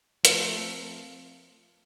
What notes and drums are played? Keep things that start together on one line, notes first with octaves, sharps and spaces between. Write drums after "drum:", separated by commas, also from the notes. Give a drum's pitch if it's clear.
F3 A3 C4 F4 A#4, drum: hi-hat